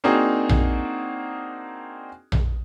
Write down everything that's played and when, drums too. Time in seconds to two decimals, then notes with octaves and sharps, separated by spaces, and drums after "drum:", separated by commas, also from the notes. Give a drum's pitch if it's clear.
0.04 A#3 C4 D4 D#4 F#4 G#4
0.49 drum: tom A#1
2.32 drum: tom A#1